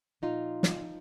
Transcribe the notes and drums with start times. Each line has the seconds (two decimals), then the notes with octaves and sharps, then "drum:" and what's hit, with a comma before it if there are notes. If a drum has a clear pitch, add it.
0.22 A#2 F3 D#4 F4
0.63 drum: snare
0.84 F3